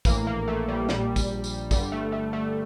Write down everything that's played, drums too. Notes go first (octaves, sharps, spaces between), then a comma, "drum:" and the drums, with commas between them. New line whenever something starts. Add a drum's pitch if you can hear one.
A#1 A2 E3 A#3, drum: kick, tambourine
A#3
A3
G3
A#1 A#2 G3, drum: snare
drum: kick, tambourine
drum: tambourine
G1 G2 D3 G3, drum: kick, tambourine
A3
A3
A3